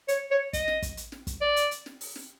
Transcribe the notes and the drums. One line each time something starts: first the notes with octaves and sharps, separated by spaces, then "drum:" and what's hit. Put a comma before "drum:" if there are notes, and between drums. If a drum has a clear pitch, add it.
C#5, drum: hi-hat
C#5
D#5, drum: kick, hi-hat
drum: snare
drum: kick, hi-hat
drum: hi-hat
drum: snare
drum: kick, hi-hat
D5
drum: hi-hat
drum: hi-hat
drum: snare
drum: open hi-hat
drum: snare